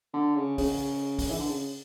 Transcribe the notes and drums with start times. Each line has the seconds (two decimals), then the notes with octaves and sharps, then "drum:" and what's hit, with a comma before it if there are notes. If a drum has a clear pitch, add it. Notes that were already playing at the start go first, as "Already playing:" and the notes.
0.13 D3
0.35 C#3
0.58 C#3, drum: kick, open hi-hat
1.19 drum: kick, open hi-hat
1.31 E3
1.39 D3
1.49 C#3